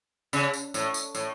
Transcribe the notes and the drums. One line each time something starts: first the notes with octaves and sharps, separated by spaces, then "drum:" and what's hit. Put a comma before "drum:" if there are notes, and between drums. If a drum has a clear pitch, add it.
C#3, drum: tambourine
drum: tambourine
A2, drum: tambourine
drum: tambourine
A2, drum: tambourine